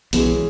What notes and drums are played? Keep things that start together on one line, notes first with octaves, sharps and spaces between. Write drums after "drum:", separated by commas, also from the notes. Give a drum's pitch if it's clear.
B1 B2 E3 G#3 C#4 G#4, drum: hi-hat